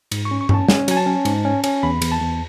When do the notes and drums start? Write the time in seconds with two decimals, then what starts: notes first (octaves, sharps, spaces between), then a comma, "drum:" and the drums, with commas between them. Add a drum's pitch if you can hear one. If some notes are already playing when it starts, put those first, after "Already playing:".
0.12 G#2, drum: cymbal
0.25 C#6
0.31 C#4
0.41 C#6
0.49 C#4 A5, drum: tom G2
0.68 C#4 G#5, drum: snare
0.88 F#3 G#5, drum: cymbal
0.97 A5
1.06 C#4
1.25 G#2, drum: cymbal
1.45 C#4
1.64 C#4, drum: cymbal
1.83 E2 B5
2.02 E2, drum: cymbal
2.12 A5
2.20 E2